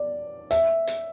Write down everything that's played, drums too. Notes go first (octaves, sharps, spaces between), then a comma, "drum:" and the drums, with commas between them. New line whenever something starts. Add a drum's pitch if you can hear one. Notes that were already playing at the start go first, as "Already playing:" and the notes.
Already playing: D5
E5, drum: hi-hat
drum: hi-hat